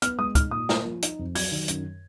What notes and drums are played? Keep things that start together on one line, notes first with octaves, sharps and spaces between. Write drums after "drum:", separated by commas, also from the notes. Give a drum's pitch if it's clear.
B3 F6, drum: hi-hat
G#3 D#6
D#4 F6, drum: kick, hi-hat
A#2 D#6
A#3, drum: snare
F3
D#4, drum: hi-hat
F2
F#3 G#6, drum: open hi-hat
D#3
F#2, drum: hi-hat